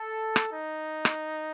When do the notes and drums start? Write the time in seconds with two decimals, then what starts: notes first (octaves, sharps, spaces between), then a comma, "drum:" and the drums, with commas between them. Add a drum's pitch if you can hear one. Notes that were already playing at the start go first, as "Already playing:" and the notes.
Already playing: A4
0.36 drum: rim click
0.52 D#4
1.05 drum: rim click